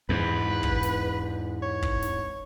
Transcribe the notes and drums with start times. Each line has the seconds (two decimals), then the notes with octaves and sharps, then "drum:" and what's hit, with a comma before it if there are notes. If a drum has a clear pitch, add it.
0.09 E2 G#2 B4
0.63 drum: kick
0.83 drum: snare
1.63 C#5
1.82 drum: kick
2.02 drum: snare